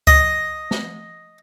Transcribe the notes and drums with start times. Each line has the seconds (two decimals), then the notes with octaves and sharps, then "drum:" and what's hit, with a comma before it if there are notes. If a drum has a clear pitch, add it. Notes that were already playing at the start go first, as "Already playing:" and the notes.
0.07 D#5, drum: kick C#2
0.71 drum: snare